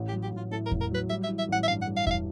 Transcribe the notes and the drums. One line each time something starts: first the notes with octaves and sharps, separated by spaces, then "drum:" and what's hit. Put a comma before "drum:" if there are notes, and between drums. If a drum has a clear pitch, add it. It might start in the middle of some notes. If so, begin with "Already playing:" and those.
Already playing: A1
G4
F#3
G4
A1 F4
A2 A4
A#4
A1, drum: kick E2
A#4
F#3 B4
G3 E5
E5
E3
E5
A1 F#5
E5
G2 F5
F#5
G3
F5
E3 E5 F5, drum: kick E2